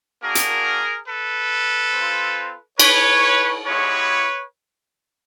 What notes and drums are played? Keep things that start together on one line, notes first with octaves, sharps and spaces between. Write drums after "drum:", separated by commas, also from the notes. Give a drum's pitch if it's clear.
A#3 D4 F#4 G#4 A#4
drum: hi-hat
A4 B4
C4
F4
B4 C#5, drum: cymbal
G#3 B3 E4 G4 B4 C#5